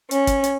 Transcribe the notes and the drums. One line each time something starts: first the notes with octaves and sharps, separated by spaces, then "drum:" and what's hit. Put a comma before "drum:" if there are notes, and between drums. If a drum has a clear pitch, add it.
C#4, drum: hi-hat
drum: kick, hi-hat
drum: hi-hat